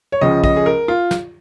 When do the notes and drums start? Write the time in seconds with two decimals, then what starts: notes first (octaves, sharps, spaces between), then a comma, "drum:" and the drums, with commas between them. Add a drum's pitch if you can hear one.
0.12 C#5
0.21 C#2 C#3 F3 C#4 D#5
0.44 D#5, drum: kick
0.56 G#4
0.66 A#4
0.88 F4
1.11 drum: snare